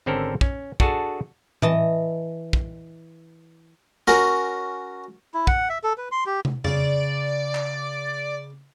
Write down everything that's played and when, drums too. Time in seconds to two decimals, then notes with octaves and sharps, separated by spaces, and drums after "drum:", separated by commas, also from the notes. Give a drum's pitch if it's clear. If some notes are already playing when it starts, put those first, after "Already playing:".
0.06 G#1 D3 C4 C#4 A4 A#4
0.41 C#4, drum: kick
0.80 D4 F#4 G#4 A4 A5, drum: kick
1.62 E3 D#5 A5, drum: tom A2
2.53 drum: kick
4.07 C#4 F#4 A#4, drum: snare
5.34 E4
5.47 F#5, drum: kick
5.69 E5
5.83 A4
5.98 B4
6.12 C6
6.26 G4
6.45 drum: tom
6.64 C#3 D5, drum: tom F2
7.55 drum: clap